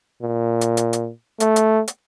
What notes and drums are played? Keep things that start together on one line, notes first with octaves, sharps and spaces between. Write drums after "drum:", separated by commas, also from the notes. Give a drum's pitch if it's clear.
A#2
drum: hi-hat
drum: hi-hat
drum: hi-hat
A3, drum: hi-hat
drum: hi-hat
drum: hi-hat